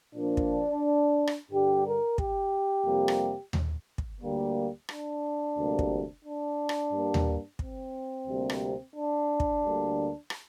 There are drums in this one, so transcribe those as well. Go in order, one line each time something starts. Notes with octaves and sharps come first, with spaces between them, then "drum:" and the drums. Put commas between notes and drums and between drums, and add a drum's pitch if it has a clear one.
A#2 F3 A#3 D4
drum: kick
drum: rim click
G2 D3 G3 G4
A#4
G4, drum: kick
F2 C3 G3 A#3
drum: rim click
drum: tom D#2
drum: kick
D2 D3 G3 A#3
D4, drum: rim click
D2 C3 G3 A#3
drum: kick
D4
drum: rim click
G2 G3 A#3
drum: tom D#2
C4, drum: kick
D2 C3 G3 A#3
drum: rim click
D4
drum: kick
D2 D3 G3 A#3
drum: rim click